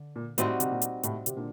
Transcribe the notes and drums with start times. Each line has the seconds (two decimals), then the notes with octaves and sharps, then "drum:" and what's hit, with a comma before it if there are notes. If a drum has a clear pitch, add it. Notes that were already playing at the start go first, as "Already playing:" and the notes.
Already playing: D3
0.16 A#2
0.38 A2 G3 C4 D#4 F#4, drum: hi-hat
0.60 C3, drum: hi-hat
0.71 A#2
0.82 drum: hi-hat
1.03 A2 C3, drum: hi-hat
1.26 C3, drum: hi-hat
1.36 A#2 D3